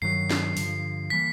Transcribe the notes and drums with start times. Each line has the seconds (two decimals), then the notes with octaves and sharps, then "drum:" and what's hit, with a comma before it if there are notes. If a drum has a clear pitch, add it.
0.02 G2 D#3 F#3 C7
0.30 drum: snare
0.57 G2 D3 F3, drum: open hi-hat
1.10 E3 G3 A#3 B6